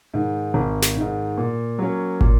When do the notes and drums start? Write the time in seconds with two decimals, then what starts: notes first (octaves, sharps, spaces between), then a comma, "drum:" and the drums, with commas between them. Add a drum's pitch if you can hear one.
0.14 G#2 D#3
0.54 G#1
0.82 drum: snare
0.96 G#2 D#3
1.38 A#2
1.79 F#3 A#3 C#4
2.21 A#2, drum: kick